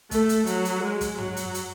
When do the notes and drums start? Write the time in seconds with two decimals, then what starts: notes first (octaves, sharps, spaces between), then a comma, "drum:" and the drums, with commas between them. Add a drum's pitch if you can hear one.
0.11 A3, drum: kick, hi-hat
0.29 drum: hi-hat
0.46 F#3, drum: hi-hat
0.65 drum: hi-hat
0.83 G#3
1.01 drum: kick, hi-hat
1.18 F#3, drum: tom
1.37 drum: hi-hat
1.54 drum: hi-hat